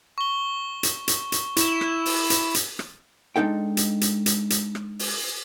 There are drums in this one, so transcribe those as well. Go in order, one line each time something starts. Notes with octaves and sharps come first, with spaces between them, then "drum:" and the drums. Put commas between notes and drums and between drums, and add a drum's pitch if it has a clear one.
C#6 G7
drum: hi-hat
drum: hi-hat
drum: hi-hat
E4 C#6 E7, drum: hi-hat
drum: rim click
drum: open hi-hat
drum: hi-hat
drum: hi-hat
drum: rim click
G#3 D4 D#4 A4 G5
drum: hi-hat
drum: hi-hat
drum: hi-hat
drum: hi-hat
drum: rim click
drum: open hi-hat